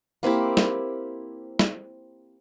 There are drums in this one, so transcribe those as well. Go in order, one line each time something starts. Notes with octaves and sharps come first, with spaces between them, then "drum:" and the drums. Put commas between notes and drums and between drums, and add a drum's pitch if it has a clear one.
A#3 C4 E4 G4
drum: snare
drum: snare